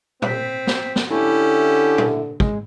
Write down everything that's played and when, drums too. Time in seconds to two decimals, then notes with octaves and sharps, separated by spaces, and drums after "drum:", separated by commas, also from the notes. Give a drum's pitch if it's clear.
0.22 C4 B6, drum: tom A#2
0.67 drum: snare
0.96 drum: snare
1.10 D3 C#4 E4 G4 A4
1.98 drum: tom A#2
2.40 G#3, drum: kick